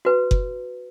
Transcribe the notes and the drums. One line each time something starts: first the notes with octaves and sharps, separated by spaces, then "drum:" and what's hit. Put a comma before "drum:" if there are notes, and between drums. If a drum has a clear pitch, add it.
F#4 B4
drum: kick F#1